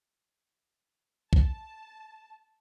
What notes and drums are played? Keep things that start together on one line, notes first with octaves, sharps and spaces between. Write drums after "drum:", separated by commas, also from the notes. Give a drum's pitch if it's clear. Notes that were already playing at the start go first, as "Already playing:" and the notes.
A5, drum: kick B1